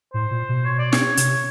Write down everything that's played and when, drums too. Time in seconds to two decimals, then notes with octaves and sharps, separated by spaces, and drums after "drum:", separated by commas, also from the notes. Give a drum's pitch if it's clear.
0.14 A2 C5
0.31 A#2
0.49 B2
0.66 C#5
0.79 D5
0.93 C#5, drum: snare
1.17 C3, drum: hi-hat